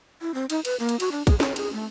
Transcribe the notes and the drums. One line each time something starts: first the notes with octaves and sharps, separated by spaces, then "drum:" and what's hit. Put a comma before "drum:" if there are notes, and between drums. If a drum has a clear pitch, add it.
E4
C4
D#4, drum: cymbal
B4, drum: cymbal
A#3
drum: cymbal
F#4, drum: cymbal
D4
G#4, drum: kick, cymbal
C#5, drum: snare
G#4, drum: cymbal
A3